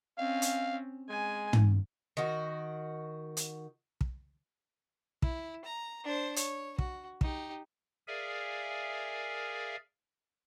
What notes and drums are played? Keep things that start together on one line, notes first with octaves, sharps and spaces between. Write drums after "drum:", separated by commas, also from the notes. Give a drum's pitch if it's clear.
C4 C#4 F5
drum: hi-hat
G#3 G#5
drum: tom
D#3 F#4
drum: hi-hat
drum: kick
E4, drum: kick
A#5
D4 C5
C#5, drum: hi-hat
F#4, drum: kick
D#4 G4, drum: kick
G#4 A#4 D5 E5 F5 G#5